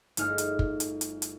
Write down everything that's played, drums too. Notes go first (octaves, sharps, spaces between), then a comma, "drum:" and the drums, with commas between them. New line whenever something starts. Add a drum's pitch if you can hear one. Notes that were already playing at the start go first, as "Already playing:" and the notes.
G1 A3 D#4 E4 G#4 F6, drum: hi-hat
drum: hi-hat
drum: kick
drum: hi-hat
drum: hi-hat
drum: hi-hat